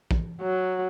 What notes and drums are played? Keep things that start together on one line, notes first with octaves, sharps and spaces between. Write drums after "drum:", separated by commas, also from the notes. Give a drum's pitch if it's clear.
drum: kick
F#3